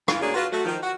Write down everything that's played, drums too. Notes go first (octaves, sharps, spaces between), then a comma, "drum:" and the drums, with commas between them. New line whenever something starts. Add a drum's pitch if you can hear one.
E3 F4, drum: rim click
A3 A#3 C#4 D4 F#4 G#4
F4 F#4 B4
A3 F#4
D#3 F3
F#4